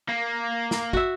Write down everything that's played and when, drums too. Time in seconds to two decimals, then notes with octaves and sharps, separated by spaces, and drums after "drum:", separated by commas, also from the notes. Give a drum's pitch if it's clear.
0.09 A#3
0.71 drum: snare
0.93 F#4 E5, drum: kick